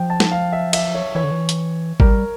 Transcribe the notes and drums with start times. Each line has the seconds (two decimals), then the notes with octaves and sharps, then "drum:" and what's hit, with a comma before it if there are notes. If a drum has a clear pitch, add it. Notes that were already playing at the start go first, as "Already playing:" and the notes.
Already playing: F3 G5
0.10 A5
0.20 drum: snare
0.32 F5
0.53 E5
0.73 E5, drum: cymbal
0.95 C#5
1.15 E3 C#5
1.24 D3
1.31 E3
1.49 drum: hi-hat
2.00 G3 A#4, drum: kick G#1